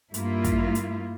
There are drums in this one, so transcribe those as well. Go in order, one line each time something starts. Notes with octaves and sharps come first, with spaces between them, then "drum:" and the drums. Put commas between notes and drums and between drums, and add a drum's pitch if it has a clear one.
G2 A#3 E4 F4, drum: hi-hat
drum: kick, hi-hat
drum: hi-hat